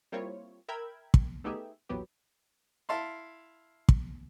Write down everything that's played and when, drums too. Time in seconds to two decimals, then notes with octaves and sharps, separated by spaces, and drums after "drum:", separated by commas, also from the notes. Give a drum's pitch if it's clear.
0.12 G3 A#3 C4 E4 F4 C#5
0.68 A#4 E5 G5 B5 G#6
1.14 drum: kick
1.44 A3 B3 D#4 G4 G#4 E5
1.89 A#1 E2 F#3 B3 G4
2.89 E4 F5 A5 C6
3.89 drum: kick